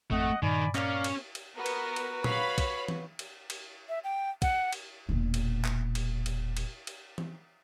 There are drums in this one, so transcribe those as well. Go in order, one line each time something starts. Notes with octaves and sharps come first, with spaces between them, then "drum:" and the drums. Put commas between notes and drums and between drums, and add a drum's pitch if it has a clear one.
G#1 F2 A3 C4 D#5 F#5
G2 A#2 D#3 D5 G#5 B5
A#3 C#4 D5 F5, drum: clap
drum: cymbal
drum: cymbal
B3 F#4 A#4 B4
drum: cymbal
drum: cymbal
C#5 F5 B5, drum: tom A#2
drum: kick, cymbal
drum: tom E3
drum: cymbal
drum: cymbal
E5
G5
F#5, drum: kick, cymbal
drum: cymbal
E1 A#2
drum: cymbal
drum: clap
drum: cymbal
drum: cymbal
drum: cymbal
drum: cymbal
drum: tom E3